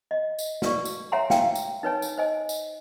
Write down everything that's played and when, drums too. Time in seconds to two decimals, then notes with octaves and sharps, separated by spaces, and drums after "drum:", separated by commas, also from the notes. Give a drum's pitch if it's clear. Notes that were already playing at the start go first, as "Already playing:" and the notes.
0.11 D#5
0.39 drum: tambourine
0.62 F#4 B4 D5 C#6, drum: snare
0.85 drum: tambourine
1.12 C#5 E5 F#5 G#5 A#5 C6
1.30 F5 G5, drum: snare
1.55 drum: tambourine
1.83 D#4 B4 C#5 G#5
2.02 drum: tambourine
2.18 C5 D#5 G#5
2.49 drum: tambourine